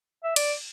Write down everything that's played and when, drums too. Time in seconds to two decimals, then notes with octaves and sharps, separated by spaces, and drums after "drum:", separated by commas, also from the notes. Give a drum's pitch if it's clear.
0.24 E5
0.36 D5, drum: cymbal